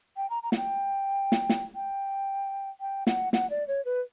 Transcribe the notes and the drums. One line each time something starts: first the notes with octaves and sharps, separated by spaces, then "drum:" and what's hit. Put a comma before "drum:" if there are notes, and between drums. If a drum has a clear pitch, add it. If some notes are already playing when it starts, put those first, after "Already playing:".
G5
A#5
A#5
F#5, drum: snare
G5
drum: snare
drum: snare
G5
G5
F#5, drum: snare
F#5, drum: snare
D5
C#5
B4